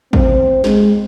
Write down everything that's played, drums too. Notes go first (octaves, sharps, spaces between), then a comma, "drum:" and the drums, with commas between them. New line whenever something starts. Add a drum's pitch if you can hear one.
C4, drum: kick A1
G#3, drum: snare